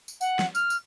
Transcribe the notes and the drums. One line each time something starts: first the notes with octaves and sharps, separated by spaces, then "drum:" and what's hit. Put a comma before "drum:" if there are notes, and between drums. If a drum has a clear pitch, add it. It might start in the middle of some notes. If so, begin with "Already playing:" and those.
drum: tambourine
F#5, drum: tambourine
drum: snare
F6, drum: tambourine
drum: tambourine